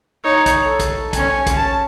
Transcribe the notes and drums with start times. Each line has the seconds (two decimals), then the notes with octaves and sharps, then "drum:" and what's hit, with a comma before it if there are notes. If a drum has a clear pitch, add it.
0.24 D#4 C#5
0.46 drum: kick, hi-hat
0.65 A4
0.79 drum: kick, hi-hat
1.13 C#4 G#5, drum: kick, hi-hat
1.46 drum: kick, hi-hat
1.56 A5